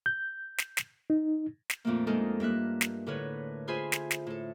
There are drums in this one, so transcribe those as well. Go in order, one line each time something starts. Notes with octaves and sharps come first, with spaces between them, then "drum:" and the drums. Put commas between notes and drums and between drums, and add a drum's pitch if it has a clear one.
G6
drum: snare
drum: snare
D#4
drum: snare
F2 A#2 A3 A#3
G#3 A#3 D4 D#4 A4 A#4
G2 A#3 E5 F#6
drum: snare
A2 D3 E4 A#4 B4 C#5
F4 G#4 C5 E5 G#5 B5
drum: snare
drum: snare
A2 A4